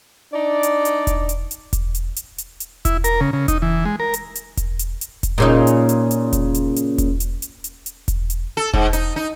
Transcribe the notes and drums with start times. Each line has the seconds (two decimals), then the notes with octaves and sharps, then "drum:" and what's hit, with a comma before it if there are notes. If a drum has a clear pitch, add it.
0.33 D4 D#4 D5
0.63 drum: hi-hat
0.85 drum: hi-hat
1.07 drum: kick E1, hi-hat
1.29 drum: hi-hat
1.51 drum: hi-hat
1.73 drum: kick E1, hi-hat
1.95 drum: hi-hat
2.16 drum: hi-hat
2.38 drum: hi-hat
2.60 drum: hi-hat
2.85 E4, drum: kick E1, hi-hat
3.04 A#4, drum: hi-hat
3.21 C#3
3.33 C#3
3.48 D#4, drum: kick E1, hi-hat
3.62 E3
3.85 G#3
4.00 A#4
4.14 drum: hi-hat
4.35 drum: hi-hat
4.57 drum: kick E1, hi-hat
4.79 drum: hi-hat
5.01 drum: hi-hat
5.23 drum: kick E1, hi-hat
5.38 A#2 C#3 D#4
5.67 drum: hi-hat
5.89 drum: hi-hat
6.11 drum: hi-hat
6.33 drum: kick E1, hi-hat
6.54 drum: hi-hat
6.76 drum: hi-hat
6.98 drum: kick E1, hi-hat
7.20 drum: hi-hat
7.42 drum: hi-hat
7.64 drum: hi-hat
7.86 drum: hi-hat
8.08 drum: kick E1, hi-hat
8.30 drum: hi-hat
8.57 A4
8.74 G#2, drum: kick E1
8.93 D#4, drum: hi-hat
9.16 D#4